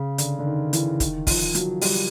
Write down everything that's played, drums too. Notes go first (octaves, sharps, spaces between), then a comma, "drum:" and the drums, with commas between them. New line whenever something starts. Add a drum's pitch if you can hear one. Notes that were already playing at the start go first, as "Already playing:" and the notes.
Already playing: C#3
D3, drum: hi-hat
D3
D#3
E3, drum: hi-hat
D#3, drum: kick, hi-hat
F3, drum: kick, open hi-hat
F#3, drum: hi-hat
G3, drum: open hi-hat